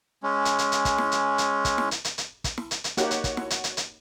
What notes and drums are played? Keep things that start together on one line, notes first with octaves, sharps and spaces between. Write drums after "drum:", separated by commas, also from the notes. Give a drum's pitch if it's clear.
G#3 C#4
drum: hi-hat
drum: hi-hat
drum: hi-hat
drum: kick, hi-hat
drum: snare
drum: hi-hat
drum: hi-hat
drum: kick, hi-hat
drum: snare
drum: hi-hat
drum: hi-hat
drum: hi-hat
drum: kick, hi-hat
drum: snare
drum: hi-hat
drum: hi-hat
A#3 D#4 F#4 G4 C#5 F#5, drum: hi-hat
drum: hi-hat
drum: kick, hi-hat
drum: snare
drum: hi-hat
drum: hi-hat
drum: hi-hat